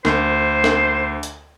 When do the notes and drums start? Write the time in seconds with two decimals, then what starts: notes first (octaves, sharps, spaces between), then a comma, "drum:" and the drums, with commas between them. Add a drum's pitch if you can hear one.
0.05 D2 C5, drum: snare
0.64 drum: snare
1.23 drum: hi-hat